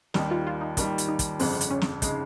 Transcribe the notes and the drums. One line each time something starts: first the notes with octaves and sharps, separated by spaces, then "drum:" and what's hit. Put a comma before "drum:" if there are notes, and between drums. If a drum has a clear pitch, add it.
D#2 D#3 G3 D#4, drum: snare
F4
F4
D#4
D#2 D#3 G3 D#4, drum: kick, hi-hat
drum: hi-hat
D#4
drum: kick, hi-hat
G1 F2 C#3 G#3 C4, drum: open hi-hat
drum: hi-hat
C#4
drum: snare
C#3 G#3 D#4, drum: kick, hi-hat